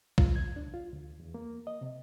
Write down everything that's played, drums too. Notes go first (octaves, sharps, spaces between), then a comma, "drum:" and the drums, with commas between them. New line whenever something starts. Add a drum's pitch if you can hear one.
F4, drum: kick B1
G#6
D4
F4
D2
E2
A#3
D#5
C3